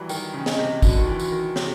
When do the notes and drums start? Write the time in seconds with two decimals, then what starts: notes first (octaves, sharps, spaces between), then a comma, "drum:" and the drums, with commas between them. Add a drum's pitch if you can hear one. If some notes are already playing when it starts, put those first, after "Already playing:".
Already playing: E3 F#3 G3
0.09 D#3 G5, drum: tambourine
0.34 C#3
0.46 D#5, drum: snare
0.59 C3
0.82 D3 F#4, drum: kick, tambourine
0.98 D#3
1.07 E3
1.20 F#4, drum: tambourine
1.32 D#3
1.56 C3 C#5, drum: snare